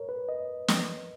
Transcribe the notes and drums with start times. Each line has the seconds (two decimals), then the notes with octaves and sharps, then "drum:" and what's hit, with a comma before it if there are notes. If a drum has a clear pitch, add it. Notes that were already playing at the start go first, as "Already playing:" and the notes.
Already playing: A#4 C#5
0.09 B4
0.29 D#5
0.68 drum: snare